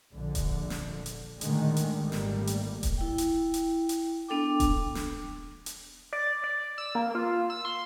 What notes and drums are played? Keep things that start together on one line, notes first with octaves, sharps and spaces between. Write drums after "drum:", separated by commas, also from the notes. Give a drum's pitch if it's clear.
A#1 D3
drum: kick D#1, hi-hat
drum: snare
drum: hi-hat
A#2 D3 D#3 G#3 A3, drum: hi-hat
drum: hi-hat
G#1 G3 A3 A#3
drum: snare
drum: hi-hat
drum: kick D#1, hi-hat
E4 G5
drum: hi-hat
drum: hi-hat
drum: hi-hat
B3 D4 A4 G5 D6
drum: kick D#1, hi-hat
drum: snare
drum: hi-hat
D5
D5
E6
A#3
F4
E6
C6